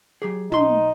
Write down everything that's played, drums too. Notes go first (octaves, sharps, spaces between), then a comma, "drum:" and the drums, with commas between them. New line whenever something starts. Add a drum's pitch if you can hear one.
F#3 G4 G#4
B1 D#4 C6, drum: tom